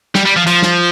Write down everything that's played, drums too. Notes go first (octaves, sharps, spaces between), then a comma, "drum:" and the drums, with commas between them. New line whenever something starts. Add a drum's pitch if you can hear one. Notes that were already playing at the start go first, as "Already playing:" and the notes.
G3, drum: snare
G3
F3
F3, drum: hi-hat
drum: snare